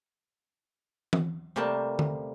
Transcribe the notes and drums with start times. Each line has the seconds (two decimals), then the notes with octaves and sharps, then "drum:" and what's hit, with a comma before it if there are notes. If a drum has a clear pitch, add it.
1.13 drum: tom E3
1.56 C3 G3 A3 A#3 G5 A5
1.99 drum: tom D3